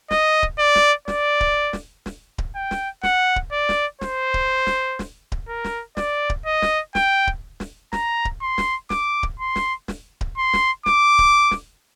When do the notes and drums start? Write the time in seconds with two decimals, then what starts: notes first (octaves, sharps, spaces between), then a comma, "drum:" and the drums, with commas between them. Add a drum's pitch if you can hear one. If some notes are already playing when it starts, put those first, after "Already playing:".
0.11 D#5, drum: snare
0.43 drum: kick D1
0.59 D5
0.75 drum: snare
1.08 D5, drum: snare
1.41 drum: kick D1
1.73 drum: snare
2.06 drum: snare
2.38 drum: kick D1
2.55 G5
2.71 drum: snare
3.03 F#5, drum: snare
3.36 drum: kick D1
3.52 D5
3.69 drum: snare
4.01 C5, drum: snare
4.34 drum: kick D1
4.67 drum: snare
4.99 drum: snare
5.32 drum: kick D1
5.48 A#4
5.64 drum: snare
5.97 D5, drum: snare
6.30 drum: kick D1
6.46 D#5
6.62 drum: snare
6.95 G5, drum: snare
7.27 drum: kick D1
7.60 drum: snare
7.93 A#5, drum: snare
8.25 drum: kick D1
8.42 C6
8.58 drum: snare
8.90 D6, drum: snare
9.23 drum: kick D1
9.40 C6
9.56 drum: snare
9.88 drum: snare
10.21 drum: kick D1
10.37 C6
10.53 drum: snare
10.86 D6, drum: snare
11.19 drum: kick D1
11.51 drum: snare